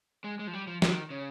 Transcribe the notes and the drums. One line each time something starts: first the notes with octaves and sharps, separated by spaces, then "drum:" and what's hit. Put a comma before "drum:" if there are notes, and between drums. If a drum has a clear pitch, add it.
G#3
G#3
F3
G3
F3
D#3, drum: snare
C#3